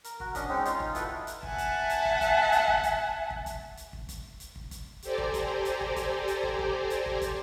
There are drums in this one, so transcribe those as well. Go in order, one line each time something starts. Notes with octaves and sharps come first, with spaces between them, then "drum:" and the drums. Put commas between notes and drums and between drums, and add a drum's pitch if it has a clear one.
A#4, drum: hi-hat
F#4 A#4, drum: kick
C#4 D4 F#4 D#5, drum: kick, hi-hat
G#3 C4 C#4 D#4
D#4 F4, drum: hi-hat
drum: kick
E4 F#4 A4 B4, drum: kick, hi-hat
drum: hi-hat
E5 F#5 G#5 A5, drum: kick
drum: kick, hi-hat
drum: hi-hat
drum: kick
drum: kick, hi-hat
drum: hi-hat
drum: kick
drum: kick, hi-hat
drum: kick
drum: kick, hi-hat
drum: hi-hat
drum: kick
drum: kick, hi-hat
drum: hi-hat
drum: kick
drum: kick, hi-hat
G4 A4 C5 D5 G#5 A#5, drum: hi-hat
drum: kick
drum: kick, hi-hat
drum: hi-hat
drum: kick
drum: kick, hi-hat
drum: hi-hat
drum: kick
drum: kick
drum: hi-hat
drum: kick
drum: kick, hi-hat